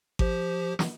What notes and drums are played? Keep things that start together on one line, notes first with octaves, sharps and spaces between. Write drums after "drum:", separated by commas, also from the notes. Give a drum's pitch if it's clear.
F3 G4 C5, drum: kick G#1
drum: snare